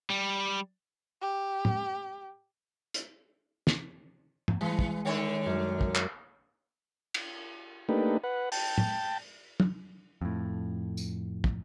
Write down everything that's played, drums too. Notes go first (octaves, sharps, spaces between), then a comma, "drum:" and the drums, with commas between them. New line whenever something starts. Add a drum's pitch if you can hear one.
G3
G4
drum: tom
drum: hi-hat
drum: snare
drum: tom
E3 G#3
drum: kick
D3 D#3 C#5
F#2
drum: kick
drum: clap
drum: cymbal
A3 A#3 D4 D#4 G4 B4
B4 F#5
G5 A5, drum: open hi-hat
drum: tom
drum: tom
F2 A2
drum: tambourine
drum: kick